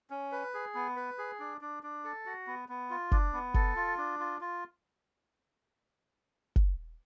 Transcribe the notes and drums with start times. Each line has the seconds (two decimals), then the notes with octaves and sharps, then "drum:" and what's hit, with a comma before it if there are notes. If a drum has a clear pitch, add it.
0.10 C#4
0.32 B4
0.54 G#4
0.75 B3
0.96 B4
1.18 G#4
1.40 D4
1.61 D4
1.83 D4
2.04 A4
2.26 F#4
2.47 B3
2.69 B3
2.90 F4
3.12 D4, drum: kick
3.33 B3
3.54 A4, drum: kick
3.76 F4
3.98 D4
4.19 F4
4.41 F4
6.56 drum: kick